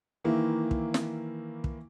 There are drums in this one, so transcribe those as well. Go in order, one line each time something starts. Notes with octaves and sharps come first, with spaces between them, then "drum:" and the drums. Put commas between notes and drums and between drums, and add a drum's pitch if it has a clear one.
D#3 E3 A#3 E4
drum: kick
drum: snare
drum: kick